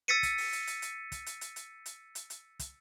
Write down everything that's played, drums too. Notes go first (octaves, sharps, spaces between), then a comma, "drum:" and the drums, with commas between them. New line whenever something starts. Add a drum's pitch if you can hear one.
E6 A6 B6 C#7 D#7
drum: kick, hi-hat
drum: open hi-hat
drum: hi-hat
drum: hi-hat
drum: hi-hat
drum: kick, hi-hat
drum: hi-hat
drum: hi-hat
drum: hi-hat
drum: hi-hat
drum: hi-hat
drum: hi-hat
drum: kick, hi-hat